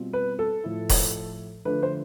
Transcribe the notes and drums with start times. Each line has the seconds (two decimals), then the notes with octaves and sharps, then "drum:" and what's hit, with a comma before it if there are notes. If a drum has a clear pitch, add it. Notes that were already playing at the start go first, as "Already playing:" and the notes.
Already playing: B2 G3 C4 F4
0.13 B4
0.39 A4
0.64 A2 F3 A3 E4
0.89 drum: kick E1, open hi-hat
1.65 D3 F3 A3 D4 B4
1.83 C5